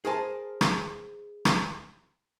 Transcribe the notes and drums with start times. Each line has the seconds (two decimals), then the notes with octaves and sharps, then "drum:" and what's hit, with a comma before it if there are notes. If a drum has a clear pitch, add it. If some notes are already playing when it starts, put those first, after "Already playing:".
0.05 G#4 A#4 C5 G#5 A5
0.61 drum: rim click
1.45 drum: rim click